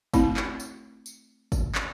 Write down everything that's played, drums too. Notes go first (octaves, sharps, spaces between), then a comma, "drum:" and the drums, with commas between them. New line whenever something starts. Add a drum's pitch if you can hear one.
A3 C4 E4, drum: kick, tambourine
drum: clap
drum: tambourine
drum: tambourine
drum: kick, tambourine
drum: clap